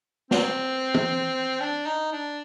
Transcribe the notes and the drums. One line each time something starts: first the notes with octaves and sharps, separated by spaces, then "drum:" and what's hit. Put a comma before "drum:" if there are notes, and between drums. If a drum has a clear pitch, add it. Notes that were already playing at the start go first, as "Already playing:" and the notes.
C4, drum: snare
drum: tom
D4
D#4
D4